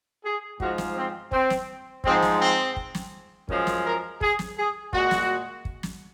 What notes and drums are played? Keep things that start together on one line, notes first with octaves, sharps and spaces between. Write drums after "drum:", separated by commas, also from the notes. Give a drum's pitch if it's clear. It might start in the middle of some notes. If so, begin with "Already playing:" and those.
G#4
G#2 F3 G#3 F#4, drum: kick
drum: snare
C4
C4, drum: kick
drum: snare
G#2 F3 G#3 C4, drum: kick
drum: snare
C4
drum: kick
drum: snare
F#2 F3 G#3 C#4, drum: kick
drum: snare
A#4
G#4, drum: kick
drum: snare
G#4
A#2 G#3 F#4, drum: kick
drum: snare
drum: kick
drum: snare